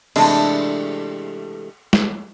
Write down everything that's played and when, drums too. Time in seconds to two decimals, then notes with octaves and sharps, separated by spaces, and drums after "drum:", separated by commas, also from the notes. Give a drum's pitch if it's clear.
0.16 C3 E3 G#3 A3 D4 A4, drum: cymbal
1.93 drum: snare